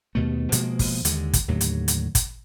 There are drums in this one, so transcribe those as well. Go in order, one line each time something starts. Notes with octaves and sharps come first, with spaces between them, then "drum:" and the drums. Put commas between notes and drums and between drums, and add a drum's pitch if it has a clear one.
D#2 B2 A3
B2 F3 G#3 A#3, drum: hi-hat
drum: kick, open hi-hat
D#2 D3 G#3, drum: hi-hat
drum: kick, hi-hat
D#2 A2 D3 F#3
drum: hi-hat
drum: hi-hat
drum: kick, hi-hat